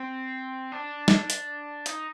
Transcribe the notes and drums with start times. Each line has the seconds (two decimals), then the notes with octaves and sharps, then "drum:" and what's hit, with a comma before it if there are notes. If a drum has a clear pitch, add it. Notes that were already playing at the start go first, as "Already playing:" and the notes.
Already playing: C4
0.72 D4
1.08 drum: snare
1.30 drum: hi-hat
1.86 D#4, drum: hi-hat